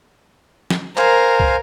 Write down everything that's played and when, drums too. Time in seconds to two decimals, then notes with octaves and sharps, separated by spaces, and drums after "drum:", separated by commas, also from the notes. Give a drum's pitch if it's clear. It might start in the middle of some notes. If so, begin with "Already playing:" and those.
0.70 drum: snare
0.97 A#4 C5 F5 G#5, drum: clap
1.40 drum: kick